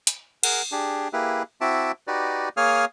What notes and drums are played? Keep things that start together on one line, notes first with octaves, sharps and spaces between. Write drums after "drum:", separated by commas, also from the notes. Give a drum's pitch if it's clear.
drum: hi-hat
G#4 A#4 F#5, drum: cymbal
D4 G4 G#4
A#3 E4 G4 G#4 B4
C4 E4 F#4 E5 A5 D6
D#4 F#4 G4 B4 D5
A#3 G#4 C#5 F5 D#6 F6